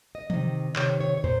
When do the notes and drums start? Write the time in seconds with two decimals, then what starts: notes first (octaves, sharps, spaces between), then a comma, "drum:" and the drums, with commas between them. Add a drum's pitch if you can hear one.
0.15 D#5
0.30 C3 D#3 D#5, drum: tom E3
0.76 C3 D#3 C#5, drum: clap
1.00 C#5
1.17 C#5
1.24 A#2 C5, drum: tom